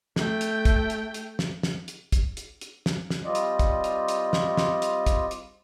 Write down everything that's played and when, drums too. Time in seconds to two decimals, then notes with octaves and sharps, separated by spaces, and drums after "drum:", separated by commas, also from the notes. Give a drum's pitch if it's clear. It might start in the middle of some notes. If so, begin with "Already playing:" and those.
0.16 A3 G5, drum: snare
0.41 drum: hi-hat
0.65 drum: kick, hi-hat
0.90 drum: hi-hat
1.14 drum: hi-hat
1.39 drum: snare
1.63 drum: snare
1.88 drum: hi-hat
2.12 drum: kick, hi-hat
2.37 drum: hi-hat
2.61 drum: hi-hat
2.86 drum: snare
3.10 drum: snare
3.25 G3 C4 F4 D5 D#5
3.35 drum: hi-hat
3.59 drum: kick, hi-hat
3.84 drum: hi-hat
4.08 drum: hi-hat
4.33 drum: snare
4.57 drum: snare
4.82 drum: hi-hat
5.06 drum: kick, hi-hat
5.31 drum: hi-hat